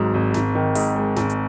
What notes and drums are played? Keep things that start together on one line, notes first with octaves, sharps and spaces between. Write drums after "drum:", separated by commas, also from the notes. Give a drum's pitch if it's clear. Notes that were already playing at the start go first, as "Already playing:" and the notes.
Already playing: G#1 G#2 F#3
G#1
G#1, drum: snare
D#3
G#2, drum: open hi-hat
G#3
G#1, drum: snare
drum: hi-hat